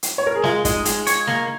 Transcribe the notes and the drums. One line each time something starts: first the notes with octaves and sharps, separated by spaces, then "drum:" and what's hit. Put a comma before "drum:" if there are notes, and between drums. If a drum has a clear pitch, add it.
drum: hi-hat
C#5
A#4
G#4
G#3 F4, drum: snare
G#3 D#4, drum: kick, hi-hat
G#3, drum: hi-hat
C#5, drum: hi-hat
A#3, drum: snare